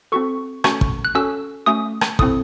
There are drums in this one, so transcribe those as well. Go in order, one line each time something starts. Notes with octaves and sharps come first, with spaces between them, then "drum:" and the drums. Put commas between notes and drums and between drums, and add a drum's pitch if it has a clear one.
C4 F#4 A4 C#6
A3 C#4 F#4 A4 C#6, drum: rim click
drum: kick
F#6
C#4 F#4 A4 E6
A3 C#4 F#4 D#6
drum: rim click
C4 E4 A4 D#6, drum: kick